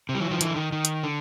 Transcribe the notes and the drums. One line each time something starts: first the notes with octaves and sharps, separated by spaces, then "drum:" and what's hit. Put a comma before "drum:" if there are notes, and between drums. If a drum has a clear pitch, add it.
C3
G3
E3 F#3
D#3 F3
D3 E3, drum: hi-hat
D#3
D#3
drum: hi-hat
D3